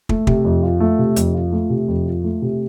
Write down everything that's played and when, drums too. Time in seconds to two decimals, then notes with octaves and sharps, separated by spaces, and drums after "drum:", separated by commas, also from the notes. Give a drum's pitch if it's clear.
0.09 A3, drum: kick
0.27 C3, drum: kick
0.45 F2
0.63 F4
0.80 A3
0.99 C3
1.16 F2, drum: hi-hat
1.34 F4
1.52 A3
1.70 C3
1.88 F2
2.06 F4
2.24 A3
2.42 C3